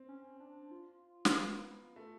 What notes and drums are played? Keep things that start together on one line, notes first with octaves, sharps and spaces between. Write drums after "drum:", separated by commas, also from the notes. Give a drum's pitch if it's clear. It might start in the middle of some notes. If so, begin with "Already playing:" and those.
Already playing: C4
C#4
D4
F4
B3, drum: snare
A#3 F4
A3